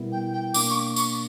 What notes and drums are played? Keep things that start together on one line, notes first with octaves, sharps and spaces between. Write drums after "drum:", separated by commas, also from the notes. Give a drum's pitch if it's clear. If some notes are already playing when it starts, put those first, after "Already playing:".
Already playing: B2 G3 B3 E4 A#4
G5
G5
B2 A#3 D4 D6, drum: tambourine
C#6
D6
C#6, drum: tambourine